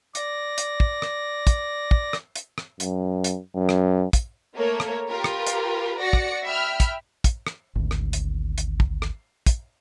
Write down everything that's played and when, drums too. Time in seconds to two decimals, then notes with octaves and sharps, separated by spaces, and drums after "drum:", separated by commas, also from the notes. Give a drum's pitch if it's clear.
0.15 D5 A#6, drum: hi-hat
0.58 drum: hi-hat
0.80 drum: kick
1.02 drum: rim click
1.47 drum: kick, hi-hat
1.91 drum: kick
2.13 drum: rim click
2.36 drum: hi-hat
2.58 drum: rim click
2.80 F#2, drum: hi-hat
3.24 drum: hi-hat
3.55 F#2
3.69 drum: rim click
4.13 drum: kick, hi-hat
4.55 A3 A#3 A#4 C#5
4.80 drum: rim click
5.07 F4 G4 A#4 B4
5.24 drum: rim click
5.47 drum: hi-hat
6.00 F#4 D5 A#6 C#7
6.13 drum: kick
6.44 E5 G5 B5 F6
6.80 drum: kick, hi-hat
7.24 drum: kick, hi-hat
7.47 drum: rim click
7.75 G#1 D2
7.91 drum: rim click
8.13 drum: hi-hat
8.58 drum: hi-hat
8.80 drum: kick
9.02 drum: rim click
9.46 drum: kick, hi-hat